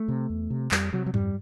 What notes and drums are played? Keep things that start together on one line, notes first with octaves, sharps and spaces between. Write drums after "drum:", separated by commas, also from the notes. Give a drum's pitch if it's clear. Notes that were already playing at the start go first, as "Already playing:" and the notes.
Already playing: A3
C3
E2
C3
F2 G3, drum: clap
C3 F#3
F#3
F2 G3, drum: tom G2